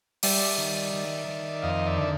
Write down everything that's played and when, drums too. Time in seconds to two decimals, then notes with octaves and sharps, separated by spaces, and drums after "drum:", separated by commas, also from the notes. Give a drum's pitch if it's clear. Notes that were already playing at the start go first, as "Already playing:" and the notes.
0.23 G3 D5 E5, drum: open hi-hat
0.58 D#3
0.93 D#3
1.28 D#3
1.62 F2 D#5 F5
1.87 D5 E5
1.98 D3 E5